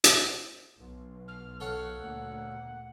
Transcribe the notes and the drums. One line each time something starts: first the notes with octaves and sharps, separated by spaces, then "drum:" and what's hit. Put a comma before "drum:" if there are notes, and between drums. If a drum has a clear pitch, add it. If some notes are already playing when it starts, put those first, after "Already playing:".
drum: hi-hat
B1
F6
A4 C#5 F5 F#5
D2 A#2 A#3